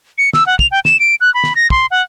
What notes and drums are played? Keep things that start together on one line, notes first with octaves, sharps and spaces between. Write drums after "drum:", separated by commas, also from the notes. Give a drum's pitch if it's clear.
C#7
E6, drum: snare
F#5
F7, drum: kick
G5
E7, drum: snare
D7
F#6
B5
drum: snare
A#6
C6, drum: kick
F#5